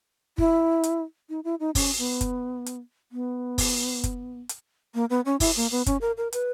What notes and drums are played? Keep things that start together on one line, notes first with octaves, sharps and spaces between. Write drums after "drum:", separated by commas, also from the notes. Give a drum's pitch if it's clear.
E4, drum: kick
drum: hi-hat
D#4
E4
D#4
C#4, drum: kick, open hi-hat
B3
drum: kick, hi-hat
drum: hi-hat
B3
drum: kick, open hi-hat
drum: kick, hi-hat
drum: hi-hat
A#3
B3
C#4
E4, drum: kick, open hi-hat
A#3
B3
C#4, drum: kick, hi-hat
A#4
A#4
B4, drum: hi-hat